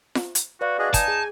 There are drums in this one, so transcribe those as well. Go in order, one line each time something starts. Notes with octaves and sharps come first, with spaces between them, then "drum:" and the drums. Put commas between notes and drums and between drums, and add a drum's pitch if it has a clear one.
drum: snare F4
drum: hi-hat
F#4 B4 D5 F5
D4 F#4 G#4 D#5
D#4 G#5 A5, drum: kick, hi-hat
G#4